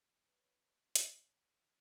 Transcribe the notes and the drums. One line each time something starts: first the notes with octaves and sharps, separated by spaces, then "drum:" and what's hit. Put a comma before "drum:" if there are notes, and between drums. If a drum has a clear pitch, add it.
B4 C#5
C#5, drum: hi-hat